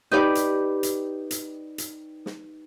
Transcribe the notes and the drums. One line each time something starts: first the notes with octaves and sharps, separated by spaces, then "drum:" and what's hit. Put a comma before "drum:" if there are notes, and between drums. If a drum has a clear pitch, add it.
D#4 G4 B4 D5
drum: hi-hat
drum: hi-hat
drum: hi-hat
drum: hi-hat
drum: snare